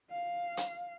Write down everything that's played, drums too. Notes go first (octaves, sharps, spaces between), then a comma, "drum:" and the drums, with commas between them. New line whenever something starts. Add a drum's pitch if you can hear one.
F5
drum: hi-hat